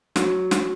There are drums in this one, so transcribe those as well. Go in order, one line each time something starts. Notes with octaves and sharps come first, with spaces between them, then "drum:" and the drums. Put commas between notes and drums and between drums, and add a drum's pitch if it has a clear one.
F#3, drum: snare
drum: snare